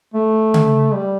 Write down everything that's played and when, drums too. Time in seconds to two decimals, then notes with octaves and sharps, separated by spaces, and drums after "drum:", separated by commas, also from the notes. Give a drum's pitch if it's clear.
0.14 A3
0.54 drum: tom C#3
0.94 G3